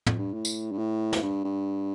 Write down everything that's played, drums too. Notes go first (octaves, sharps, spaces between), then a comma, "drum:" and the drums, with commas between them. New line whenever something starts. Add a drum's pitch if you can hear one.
F2, drum: tom
G2
A2
drum: tambourine
G2
A2
drum: snare
G2
G2